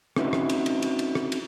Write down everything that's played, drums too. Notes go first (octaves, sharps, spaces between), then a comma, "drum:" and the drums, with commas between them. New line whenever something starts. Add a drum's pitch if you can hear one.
C4 C#4 D#4 E4 F#4 B4, drum: rim click
drum: rim click
drum: cymbal
drum: cymbal
drum: cymbal
drum: cymbal
drum: rim click
drum: cymbal